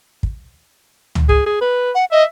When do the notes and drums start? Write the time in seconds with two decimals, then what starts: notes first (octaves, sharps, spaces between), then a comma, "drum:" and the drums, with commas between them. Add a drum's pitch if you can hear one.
0.23 drum: kick
1.15 drum: tom C#2
1.29 G#4, drum: kick
1.46 G#4
1.61 B4
1.95 F#5
2.12 D#5 E5